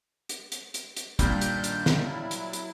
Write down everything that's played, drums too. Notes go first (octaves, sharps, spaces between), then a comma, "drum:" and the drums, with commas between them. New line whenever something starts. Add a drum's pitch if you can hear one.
drum: hi-hat
drum: hi-hat
drum: hi-hat
drum: hi-hat
A#2 D#3 G3 D4 G6, drum: kick, hi-hat
drum: hi-hat
drum: hi-hat
drum: snare
F#3 E4
drum: hi-hat
drum: hi-hat